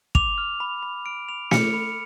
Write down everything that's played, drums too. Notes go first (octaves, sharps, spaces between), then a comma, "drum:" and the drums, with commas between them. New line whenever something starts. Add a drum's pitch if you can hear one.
D6 F7, drum: kick
F6
B5
B5
F6 D7
B5 F7
F6 C#7, drum: snare
B5